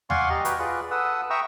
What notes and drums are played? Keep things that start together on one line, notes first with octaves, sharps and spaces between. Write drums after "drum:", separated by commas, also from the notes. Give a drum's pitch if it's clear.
D5 F5 F#5 G#5 C6 C#6, drum: tom D#2
G4 D#5 A#5
F#4 B4 G5 A#5, drum: hi-hat
F4 G#4 B4 D5
A4 B4 F#5 D#6 E6
E5 G5 A#5 C#6 D#6 E6